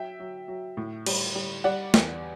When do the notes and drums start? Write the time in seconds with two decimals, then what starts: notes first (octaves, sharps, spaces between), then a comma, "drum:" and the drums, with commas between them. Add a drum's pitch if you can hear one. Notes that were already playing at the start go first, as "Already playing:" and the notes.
Already playing: F#3 E5 G5
0.19 F#3
0.48 F#3
0.77 A2
1.06 G3, drum: cymbal
1.35 G3
1.64 G3 D5 F#5
1.94 E2, drum: snare